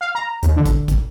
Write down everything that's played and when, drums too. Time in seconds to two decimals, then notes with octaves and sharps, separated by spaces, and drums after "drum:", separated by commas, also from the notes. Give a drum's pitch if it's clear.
0.01 F5
0.15 A#5
0.43 D#2, drum: hi-hat
0.56 D3
0.65 drum: kick, hi-hat
0.88 drum: kick, hi-hat